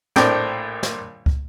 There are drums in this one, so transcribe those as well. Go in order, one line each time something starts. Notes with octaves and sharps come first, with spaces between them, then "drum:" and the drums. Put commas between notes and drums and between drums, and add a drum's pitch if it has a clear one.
A#1 A2 C4 D4 G5, drum: snare
drum: snare
drum: kick